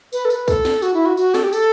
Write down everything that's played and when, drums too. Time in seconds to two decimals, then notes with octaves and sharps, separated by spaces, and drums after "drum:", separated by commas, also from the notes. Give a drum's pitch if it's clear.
0.13 B4, drum: tambourine
0.25 A4
0.30 B4, drum: tambourine
0.48 A4, drum: kick C2, tambourine
0.65 drum: snare
0.82 F#4, drum: tambourine
0.94 E4
1.06 F#4
1.17 F#4, drum: tambourine
1.34 A4, drum: snare
1.43 G4
1.53 A4, drum: tambourine